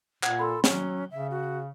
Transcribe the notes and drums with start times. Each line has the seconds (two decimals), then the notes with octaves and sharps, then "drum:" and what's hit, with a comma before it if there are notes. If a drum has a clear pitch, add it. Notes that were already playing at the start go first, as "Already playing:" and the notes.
0.23 A#2 F#5 G#6, drum: clap
0.39 A4 B5 C6
0.64 F#3 C#4 G7, drum: snare
1.11 C#3 E5
1.31 F#4